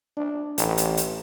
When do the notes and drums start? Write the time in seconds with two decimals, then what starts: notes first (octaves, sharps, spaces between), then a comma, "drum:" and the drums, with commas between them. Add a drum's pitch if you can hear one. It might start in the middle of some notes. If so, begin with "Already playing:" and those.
0.17 D4
0.58 A1, drum: hi-hat
0.78 drum: hi-hat
0.97 drum: hi-hat